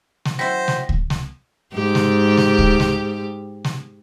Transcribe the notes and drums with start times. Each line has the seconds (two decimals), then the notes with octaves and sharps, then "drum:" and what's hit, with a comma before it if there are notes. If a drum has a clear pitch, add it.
0.25 drum: snare
0.39 F#3 E4 C5 G5 A#6 B6
0.68 drum: snare
0.89 drum: kick C#2
1.10 drum: snare
1.74 G#2 G4
1.95 drum: snare
2.37 drum: snare
2.59 drum: kick C#2
2.80 drum: snare
3.64 drum: snare